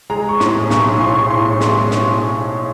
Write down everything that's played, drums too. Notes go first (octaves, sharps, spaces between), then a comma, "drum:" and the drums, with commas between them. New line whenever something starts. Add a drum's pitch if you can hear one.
G#3 A#5
C#6
A2 C6, drum: snare
B1 C#6, drum: snare
A2 C6
C#6
C6
A2 C6
C#6
G#3 C6, drum: snare
drum: snare